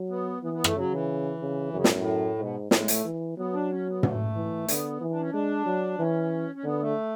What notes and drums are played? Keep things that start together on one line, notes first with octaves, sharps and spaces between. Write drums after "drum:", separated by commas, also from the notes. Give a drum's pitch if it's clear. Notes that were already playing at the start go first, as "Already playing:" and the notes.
Already playing: F#3
B3
E3 B3
B3
A3, drum: rim click
C#3 F#3
E3
C#3
F#2 C#3
A2, drum: snare
A2
G#2 B2
A2 G#3, drum: snare
A3, drum: hi-hat
E3
F#3 B3
D4
C#4
B3
A3, drum: tom
E3
D3 B3, drum: hi-hat
E3
D4
C#4
G#3 D4
F#3
E3 C#4
C#4
D3 B3
A3